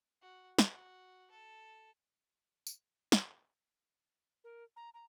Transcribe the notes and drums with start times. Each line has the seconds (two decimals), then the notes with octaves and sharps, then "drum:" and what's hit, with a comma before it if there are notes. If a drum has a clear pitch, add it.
0.22 F#4
0.58 F#4, drum: snare
1.31 A4
2.67 drum: tambourine
3.12 drum: snare
4.44 A#4
4.76 A#5
4.94 A#5